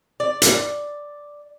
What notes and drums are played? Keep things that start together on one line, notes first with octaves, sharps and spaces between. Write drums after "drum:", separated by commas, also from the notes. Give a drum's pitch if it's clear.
D5
drum: hi-hat